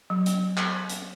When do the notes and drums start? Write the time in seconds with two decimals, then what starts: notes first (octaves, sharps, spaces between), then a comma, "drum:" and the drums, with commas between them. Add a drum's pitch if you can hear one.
0.10 F#3
0.26 drum: hi-hat
0.58 drum: clap
0.89 drum: hi-hat